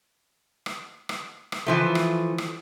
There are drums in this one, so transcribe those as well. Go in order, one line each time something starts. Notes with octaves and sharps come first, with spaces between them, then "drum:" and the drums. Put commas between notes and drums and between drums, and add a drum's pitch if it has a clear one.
drum: rim click
drum: rim click
drum: rim click
E3 F3 A3
drum: rim click
drum: rim click